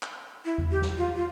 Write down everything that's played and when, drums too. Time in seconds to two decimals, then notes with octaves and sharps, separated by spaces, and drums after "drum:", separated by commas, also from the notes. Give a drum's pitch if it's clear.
0.03 drum: clap
0.45 E4
0.58 drum: tom E2
0.71 G4
0.82 drum: snare
0.97 F4
1.16 F4